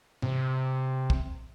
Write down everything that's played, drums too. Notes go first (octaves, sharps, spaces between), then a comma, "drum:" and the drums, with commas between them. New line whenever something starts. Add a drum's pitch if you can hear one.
C3, drum: tom G#2
drum: kick